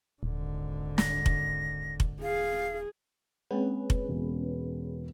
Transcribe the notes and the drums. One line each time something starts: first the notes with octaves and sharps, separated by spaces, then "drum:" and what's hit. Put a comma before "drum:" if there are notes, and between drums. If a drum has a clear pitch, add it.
D#1 G#1 D3
A#6, drum: snare
drum: kick F1
drum: kick F1
G#4 F5
G#3 A#3 C4 C#4 G#4 B4
drum: kick F1
E1